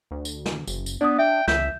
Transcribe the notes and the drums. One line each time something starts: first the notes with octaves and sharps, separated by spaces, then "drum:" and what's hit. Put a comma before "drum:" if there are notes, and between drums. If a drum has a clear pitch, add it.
D2
drum: tambourine
drum: snare
F#1, drum: tambourine
drum: tambourine
B3 D4 D5 D#6
E5 G5
C#2 E5 G6, drum: snare